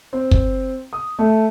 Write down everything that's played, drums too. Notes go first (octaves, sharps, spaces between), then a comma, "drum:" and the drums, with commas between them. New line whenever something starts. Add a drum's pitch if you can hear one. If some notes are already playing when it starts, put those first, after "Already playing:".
C4
drum: kick
D#6
A3